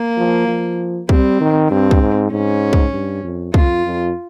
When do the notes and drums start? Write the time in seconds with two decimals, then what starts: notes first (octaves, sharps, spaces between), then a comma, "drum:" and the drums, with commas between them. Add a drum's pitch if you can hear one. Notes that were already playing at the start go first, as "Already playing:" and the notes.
Already playing: A#3
0.17 F3
0.48 F3
1.09 G3 C4, drum: kick
1.41 D#3
1.70 G2 C4
1.91 drum: kick
2.01 G#2
2.32 G#2 C#4
2.73 drum: kick
2.93 G2
3.24 F2
3.54 F2 F4, drum: kick
3.86 F2